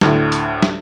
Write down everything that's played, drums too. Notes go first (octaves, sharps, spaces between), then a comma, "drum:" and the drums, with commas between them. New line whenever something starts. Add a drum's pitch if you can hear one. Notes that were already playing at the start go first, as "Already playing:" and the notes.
D2 A2 D3, drum: snare
drum: hi-hat
drum: snare